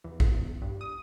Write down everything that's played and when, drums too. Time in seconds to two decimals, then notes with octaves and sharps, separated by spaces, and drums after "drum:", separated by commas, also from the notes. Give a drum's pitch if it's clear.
0.04 E2
0.20 drum: kick
0.62 G2
0.81 D#6